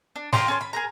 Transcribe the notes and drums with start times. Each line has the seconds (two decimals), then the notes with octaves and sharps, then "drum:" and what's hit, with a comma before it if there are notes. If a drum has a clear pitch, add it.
0.16 D4
0.33 F4 G4 A#5 C6, drum: snare
0.48 C#4 A4 C#5 C6
0.61 B5
0.73 G#4 A#4 A#5